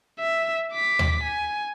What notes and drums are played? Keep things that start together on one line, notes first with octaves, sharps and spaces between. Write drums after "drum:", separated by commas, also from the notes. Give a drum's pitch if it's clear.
E5
D6 B6
drum: tom D#2
G#5